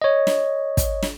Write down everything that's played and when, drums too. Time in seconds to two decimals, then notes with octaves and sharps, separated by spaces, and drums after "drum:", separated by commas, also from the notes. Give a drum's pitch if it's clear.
0.02 C#5 D#5
0.27 drum: snare
0.77 drum: kick, hi-hat
1.02 drum: snare